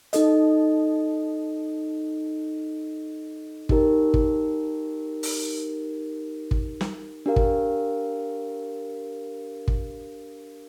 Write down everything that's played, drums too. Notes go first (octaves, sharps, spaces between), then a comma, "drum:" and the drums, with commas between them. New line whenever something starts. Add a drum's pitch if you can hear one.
D#4 A4 D#5, drum: hi-hat
D#4 G4 A#4, drum: kick
drum: kick
drum: open hi-hat
drum: kick
drum: snare
D4 G4 A#4 F5
drum: kick
drum: kick